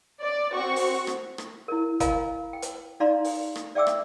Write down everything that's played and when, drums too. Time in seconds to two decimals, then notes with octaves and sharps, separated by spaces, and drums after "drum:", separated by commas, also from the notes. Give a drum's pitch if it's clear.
0.21 D5
0.54 C4 F#4 C#6
0.76 drum: open hi-hat
1.07 drum: rim click
1.38 drum: rim click
1.68 E4 A#4
2.00 A#4 D#5 F5 G#5 A#5 B5, drum: kick F#1, hi-hat
2.53 G5
2.62 drum: hi-hat
3.00 D#4 D5 F5 A#5 C6
3.24 drum: open hi-hat
3.55 drum: rim click
3.75 D5 E5 G5 D6 E6
3.87 drum: rim click